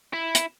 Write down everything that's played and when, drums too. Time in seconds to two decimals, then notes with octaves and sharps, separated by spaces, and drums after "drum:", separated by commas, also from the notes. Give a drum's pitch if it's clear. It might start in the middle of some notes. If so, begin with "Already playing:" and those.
0.13 E4
0.35 drum: hi-hat